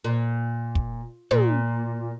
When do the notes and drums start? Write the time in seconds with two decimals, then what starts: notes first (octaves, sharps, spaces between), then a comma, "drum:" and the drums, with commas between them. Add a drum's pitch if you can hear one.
0.04 A#2
0.75 drum: kick
1.31 A#2, drum: tom